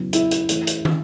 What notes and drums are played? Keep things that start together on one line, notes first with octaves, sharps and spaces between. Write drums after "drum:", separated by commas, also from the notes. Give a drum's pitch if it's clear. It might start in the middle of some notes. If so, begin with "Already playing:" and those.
Already playing: C#3 F#3 B3 E4
E4 E5, drum: hi-hat
drum: hi-hat
E3 A3 E4, drum: hi-hat
drum: hi-hat
drum: tom